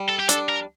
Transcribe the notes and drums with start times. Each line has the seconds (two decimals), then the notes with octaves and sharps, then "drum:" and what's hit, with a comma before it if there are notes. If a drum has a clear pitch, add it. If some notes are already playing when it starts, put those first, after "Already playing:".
Already playing: G3
0.09 A4
0.20 G4
0.29 D4 A4, drum: hi-hat
0.49 A#4